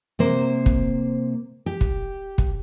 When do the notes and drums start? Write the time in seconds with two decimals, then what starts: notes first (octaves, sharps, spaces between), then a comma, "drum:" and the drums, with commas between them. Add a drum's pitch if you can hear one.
0.19 C3 A#3 C5
0.66 drum: kick
1.66 G4
1.81 drum: kick
2.38 drum: kick